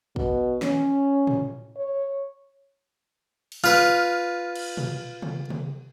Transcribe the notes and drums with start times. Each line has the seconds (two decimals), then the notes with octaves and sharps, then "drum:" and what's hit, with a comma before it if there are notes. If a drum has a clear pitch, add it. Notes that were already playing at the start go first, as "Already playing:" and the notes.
0.16 B2, drum: kick
0.62 C#4, drum: snare
1.27 drum: tom A2
1.77 C#5
3.52 drum: open hi-hat
3.64 F4 B4 F6
4.56 drum: cymbal
4.77 drum: tom A#2
5.22 drum: tom C3
5.50 drum: tom C3